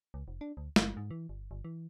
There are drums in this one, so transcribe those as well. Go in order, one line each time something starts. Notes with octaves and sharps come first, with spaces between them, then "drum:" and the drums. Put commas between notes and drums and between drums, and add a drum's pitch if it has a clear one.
C#2
F1
D4
D2
G1, drum: snare
G#2
E3
G1
G1
E3